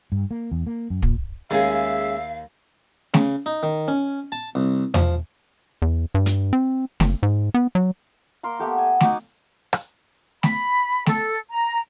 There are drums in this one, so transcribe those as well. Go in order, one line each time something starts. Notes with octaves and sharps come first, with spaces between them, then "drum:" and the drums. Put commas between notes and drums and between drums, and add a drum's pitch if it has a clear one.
G2
A#3
E2
A#3
F#2
A#2, drum: kick
D#2 G#3 C#4 G#4 E5 F5
C#3, drum: snare A3
D#4
D#3
C#4
A5
C2
F3, drum: tom E2
E2
G2
drum: hi-hat
C4
F#1, drum: snare A3
G#2
B3
F#3
A#3 A#4 C6
A3 B3 G4 A4
G#5
D#4 F#4 D6, drum: snare A3
drum: rim click
B5, drum: snare A3
A4, drum: snare A3
A#5